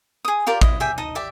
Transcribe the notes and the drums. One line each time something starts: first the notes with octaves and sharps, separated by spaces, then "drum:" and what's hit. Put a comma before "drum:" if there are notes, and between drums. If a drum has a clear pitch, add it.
G#4 D#6
F4 G4 A#4 D5
E4 D#5, drum: kick
G4 G#4 E5 G5
D#4 D#5 A5 D#6
G4 D5 E5